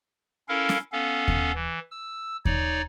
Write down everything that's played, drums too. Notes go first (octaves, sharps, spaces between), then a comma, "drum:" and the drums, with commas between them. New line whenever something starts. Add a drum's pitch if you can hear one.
C#4 E4 A4 A#4 F5
drum: snare
B3 C#4 A4 F5
drum: kick D#2
E3
E6
D#4 C#5 D5, drum: kick D#2